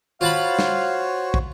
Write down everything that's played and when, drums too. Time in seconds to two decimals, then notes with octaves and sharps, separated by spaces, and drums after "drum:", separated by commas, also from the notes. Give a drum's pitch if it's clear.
0.21 F4 F#4 C5 C#5 F5 A5 B5
0.59 drum: snare
1.34 drum: kick